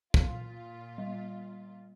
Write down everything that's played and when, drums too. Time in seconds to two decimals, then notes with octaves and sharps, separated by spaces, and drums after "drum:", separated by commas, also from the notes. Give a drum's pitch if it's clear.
0.14 A#2 F4, drum: kick
0.98 G3